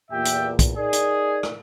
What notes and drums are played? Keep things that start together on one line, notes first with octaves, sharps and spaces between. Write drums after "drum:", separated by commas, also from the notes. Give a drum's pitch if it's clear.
E2 A#2 G4 E5 G5
drum: hi-hat
drum: kick, hi-hat
D#4 G#4 A#4 D5
drum: hi-hat
drum: rim click